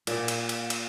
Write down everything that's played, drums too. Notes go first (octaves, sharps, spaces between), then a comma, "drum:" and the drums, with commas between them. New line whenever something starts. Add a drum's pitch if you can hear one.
A#2 D5, drum: cymbal
drum: cymbal
drum: cymbal
drum: cymbal